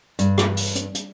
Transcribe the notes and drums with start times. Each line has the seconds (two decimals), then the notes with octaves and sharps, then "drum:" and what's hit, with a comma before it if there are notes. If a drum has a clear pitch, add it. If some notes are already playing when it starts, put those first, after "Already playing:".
0.19 G2, drum: hi-hat
0.38 drum: rim click
0.57 drum: open hi-hat
0.76 drum: hi-hat
0.95 drum: hi-hat